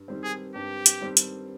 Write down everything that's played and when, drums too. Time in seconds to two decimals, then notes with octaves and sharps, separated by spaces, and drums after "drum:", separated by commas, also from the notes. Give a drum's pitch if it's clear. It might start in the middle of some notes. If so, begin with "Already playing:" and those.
Already playing: G2
0.08 D#3 G3 C4
0.24 G#4
0.55 G2 G4
0.86 drum: hi-hat
1.01 D#3 G3 C4
1.17 drum: hi-hat